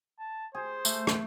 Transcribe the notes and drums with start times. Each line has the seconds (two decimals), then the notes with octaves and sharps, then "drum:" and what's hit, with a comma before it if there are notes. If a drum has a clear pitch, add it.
0.19 A5
0.55 G#4 C5
0.85 A3, drum: tambourine
1.07 drum: rim click